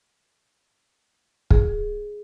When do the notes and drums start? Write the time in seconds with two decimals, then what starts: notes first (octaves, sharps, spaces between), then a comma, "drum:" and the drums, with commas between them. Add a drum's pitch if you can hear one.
1.51 G#4, drum: kick